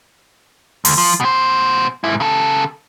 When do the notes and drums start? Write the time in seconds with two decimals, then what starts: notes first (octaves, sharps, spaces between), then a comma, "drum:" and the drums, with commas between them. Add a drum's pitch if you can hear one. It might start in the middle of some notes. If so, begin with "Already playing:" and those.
0.85 D2, drum: open hi-hat
0.98 F3
1.20 B2 C5
2.04 G#2 E4
2.20 C#3 A4